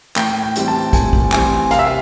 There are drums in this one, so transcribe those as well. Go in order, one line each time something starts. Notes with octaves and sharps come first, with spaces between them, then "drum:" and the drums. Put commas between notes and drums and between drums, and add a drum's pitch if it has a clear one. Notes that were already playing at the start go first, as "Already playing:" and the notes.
A2 G5, drum: clap
G5
E3 G3 C4, drum: hi-hat
A5
A2 G#5, drum: kick, hi-hat
drum: kick
E3 G3 C4 G#5, drum: clap
C3 F5, drum: hi-hat
E5
F5